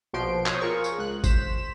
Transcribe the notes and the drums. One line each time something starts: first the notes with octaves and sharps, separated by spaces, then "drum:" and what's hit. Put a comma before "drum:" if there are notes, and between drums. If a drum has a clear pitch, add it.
A#1 B2 F3 C6 D7
C5 C#5 D#6, drum: clap
F4 G#4 A#4 C#6
drum: tambourine
C#2 F#6
C5 B6 E7, drum: kick, tambourine